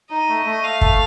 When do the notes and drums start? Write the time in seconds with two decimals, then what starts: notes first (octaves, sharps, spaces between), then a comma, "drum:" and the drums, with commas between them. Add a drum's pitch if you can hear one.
0.10 D#4 D#5
0.29 A3
0.46 A3
0.63 A3 F5
0.81 A4, drum: kick